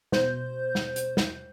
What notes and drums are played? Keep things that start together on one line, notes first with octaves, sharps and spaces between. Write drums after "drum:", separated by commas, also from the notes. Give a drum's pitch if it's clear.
B2 C5 G6, drum: snare
drum: snare
drum: hi-hat
drum: snare